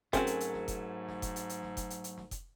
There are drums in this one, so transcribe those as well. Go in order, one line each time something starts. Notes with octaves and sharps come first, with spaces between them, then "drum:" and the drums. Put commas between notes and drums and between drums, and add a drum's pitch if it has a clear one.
G#2 F#3 A3 C4 C#4 F#4 G#4 A#4, drum: kick F1, hi-hat
drum: hi-hat
drum: hi-hat
drum: snare
drum: kick F1, hi-hat
drum: snare
drum: kick F1, hi-hat
drum: hi-hat
drum: hi-hat
drum: snare
drum: kick F1, hi-hat
drum: hi-hat
drum: hi-hat
drum: snare
drum: kick F1, hi-hat